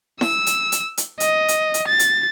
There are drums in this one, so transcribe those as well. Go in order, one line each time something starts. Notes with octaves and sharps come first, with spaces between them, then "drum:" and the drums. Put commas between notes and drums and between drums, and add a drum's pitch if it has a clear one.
E6, drum: snare E4
drum: hi-hat
drum: hi-hat
drum: hi-hat
D#5, drum: hi-hat
drum: hi-hat
drum: hi-hat
A6
drum: hi-hat